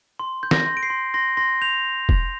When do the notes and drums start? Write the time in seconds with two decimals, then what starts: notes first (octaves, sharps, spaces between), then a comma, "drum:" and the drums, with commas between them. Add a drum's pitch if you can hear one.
0.19 C6
0.43 G6
0.51 A#6, drum: snare
0.66 C6
0.77 D7
0.83 C7
0.90 C6
1.14 C6 A#6
1.37 C6 A#6
1.61 G6 F7
2.09 drum: kick